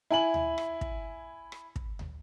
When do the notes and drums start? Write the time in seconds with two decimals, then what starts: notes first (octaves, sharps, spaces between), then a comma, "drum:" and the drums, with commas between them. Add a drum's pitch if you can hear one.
0.10 E4 G#5 F#7
0.34 drum: tom D2
0.58 drum: rim click
0.81 drum: kick
1.52 drum: rim click
1.76 drum: kick
1.99 drum: tom D2